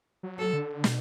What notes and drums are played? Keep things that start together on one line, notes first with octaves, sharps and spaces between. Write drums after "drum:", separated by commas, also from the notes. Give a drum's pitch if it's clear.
F#3
A4
D3
B2, drum: snare